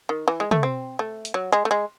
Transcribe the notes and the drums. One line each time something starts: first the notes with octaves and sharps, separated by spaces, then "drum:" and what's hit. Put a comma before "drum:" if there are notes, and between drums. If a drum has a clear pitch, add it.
D#3
E3
G#3
A3, drum: tom
C4
A3
drum: hi-hat
F#3
G#3
A3
G#3